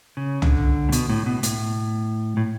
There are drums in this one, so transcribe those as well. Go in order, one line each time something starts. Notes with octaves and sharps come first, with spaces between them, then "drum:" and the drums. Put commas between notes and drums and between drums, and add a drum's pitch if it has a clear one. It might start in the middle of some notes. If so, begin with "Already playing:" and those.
C#3
D3, drum: tom
A2
B2, drum: hi-hat
A2
B2
A2, drum: hi-hat
A2